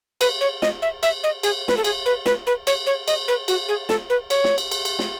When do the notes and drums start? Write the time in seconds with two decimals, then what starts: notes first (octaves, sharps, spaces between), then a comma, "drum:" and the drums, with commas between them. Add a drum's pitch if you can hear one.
0.21 B4, drum: cymbal
0.41 C#5
0.62 D#5, drum: snare
0.82 E5
1.03 E5, drum: cymbal
1.24 D#5
1.43 G#4, drum: cymbal
1.68 B4, drum: snare
1.77 A4
1.84 G#4, drum: cymbal
2.06 B4
2.26 B4, drum: snare
2.47 B4
2.67 C#5, drum: cymbal
2.86 C#5
3.08 D#5, drum: cymbal
3.28 B4
3.48 F#4, drum: cymbal
3.68 G#4
3.89 A4, drum: snare
4.10 B4
4.30 C#5, drum: cymbal
4.44 drum: snare
4.58 drum: cymbal
4.71 drum: cymbal
4.85 drum: cymbal
4.99 drum: snare